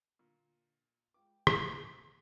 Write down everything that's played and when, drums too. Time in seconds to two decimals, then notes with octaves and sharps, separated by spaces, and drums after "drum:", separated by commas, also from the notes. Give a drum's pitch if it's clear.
0.19 A#2 D3
1.14 G#3 F4 B4 G5 D6
1.47 drum: rim click